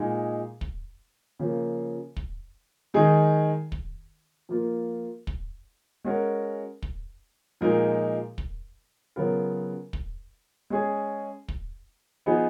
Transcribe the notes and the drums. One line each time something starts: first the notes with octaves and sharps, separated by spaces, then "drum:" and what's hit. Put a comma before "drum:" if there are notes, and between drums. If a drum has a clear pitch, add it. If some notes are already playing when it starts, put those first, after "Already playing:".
Already playing: A#2 G#3 D#4 G#4
drum: kick
C#3 F3 A#3
drum: kick
D#3 G#3 D#4 G#4
drum: kick
F3 A#3 F4
drum: kick
G#3 C#4 F#4 A#4
drum: kick
A#2 F3 G#3 D#4 A#4
drum: kick
C#3 F#3 B3 F4 A#4
drum: kick
G#3 C#4 G#4
drum: kick
F3 B3 D#4 G#4